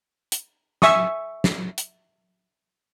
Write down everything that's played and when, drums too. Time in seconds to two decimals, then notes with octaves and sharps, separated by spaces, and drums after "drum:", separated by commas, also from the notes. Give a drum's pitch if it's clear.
0.32 drum: hi-hat
0.82 E5 G#5 C#6 D#6, drum: snare
1.44 drum: snare
1.78 drum: hi-hat